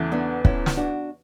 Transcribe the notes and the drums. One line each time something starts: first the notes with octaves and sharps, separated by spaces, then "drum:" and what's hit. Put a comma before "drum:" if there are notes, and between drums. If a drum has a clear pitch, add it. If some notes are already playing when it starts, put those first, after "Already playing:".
Already playing: E2 C#3 E3 A3
B3 D4
C#4 E4, drum: kick
drum: snare
D4 F#4